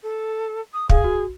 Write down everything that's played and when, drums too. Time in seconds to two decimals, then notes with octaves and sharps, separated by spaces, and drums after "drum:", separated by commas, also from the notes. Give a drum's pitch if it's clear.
0.03 A4
0.73 D#6
0.89 G#4 F5, drum: kick
1.04 F#4